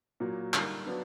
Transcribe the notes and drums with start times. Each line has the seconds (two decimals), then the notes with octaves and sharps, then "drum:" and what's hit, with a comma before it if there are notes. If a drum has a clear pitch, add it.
0.20 A#2 F#3 A#3
0.54 D3 G3 A#3 D#4, drum: clap
0.86 F#3 B3 D4